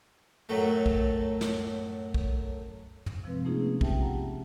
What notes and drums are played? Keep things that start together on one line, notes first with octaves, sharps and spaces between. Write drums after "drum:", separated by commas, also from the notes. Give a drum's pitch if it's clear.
F#2 A2 F#3 A3
drum: kick
drum: snare
drum: kick
drum: tom
C3 F3 G#3 C4 B4
A3 A#3 C#4 D#4 F4 G#4
G4 E5 G5 A5, drum: kick
F#5 A#5